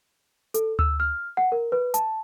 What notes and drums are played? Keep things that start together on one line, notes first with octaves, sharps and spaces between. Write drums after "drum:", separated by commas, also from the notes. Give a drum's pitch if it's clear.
A4, drum: hi-hat
E6, drum: tom D2
F6
F#5
A#4
B4
A5, drum: hi-hat